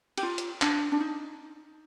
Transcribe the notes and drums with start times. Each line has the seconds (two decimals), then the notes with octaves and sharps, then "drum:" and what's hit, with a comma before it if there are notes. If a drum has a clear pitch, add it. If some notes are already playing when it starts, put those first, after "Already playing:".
0.18 G4, drum: cymbal
0.23 F4
0.38 drum: hi-hat
0.62 D4, drum: clap
0.92 D4
1.00 D#4